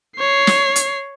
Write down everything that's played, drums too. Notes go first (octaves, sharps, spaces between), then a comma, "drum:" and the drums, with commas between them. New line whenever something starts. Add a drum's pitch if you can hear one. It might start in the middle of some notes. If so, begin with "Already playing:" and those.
C#5 C7
drum: snare
drum: hi-hat